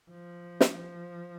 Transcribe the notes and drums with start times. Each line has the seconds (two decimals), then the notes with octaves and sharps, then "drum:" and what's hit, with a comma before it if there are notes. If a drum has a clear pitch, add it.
0.11 F3
0.61 drum: snare